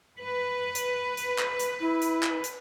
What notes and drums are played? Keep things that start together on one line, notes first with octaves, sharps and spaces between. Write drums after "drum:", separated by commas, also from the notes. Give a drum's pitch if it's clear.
B4
drum: hi-hat
drum: hi-hat
drum: clap
drum: hi-hat
E4
drum: hi-hat
drum: clap
drum: hi-hat